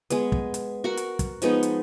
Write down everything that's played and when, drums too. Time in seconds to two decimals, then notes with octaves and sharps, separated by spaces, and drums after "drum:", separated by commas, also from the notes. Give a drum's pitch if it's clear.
0.10 G#3 B3, drum: hi-hat
0.32 drum: kick
0.54 drum: hi-hat
0.84 F#4 A#4 F#5
0.97 drum: hi-hat
1.19 drum: kick, hi-hat
1.42 F3 G#3 B3 D#4, drum: hi-hat
1.63 drum: hi-hat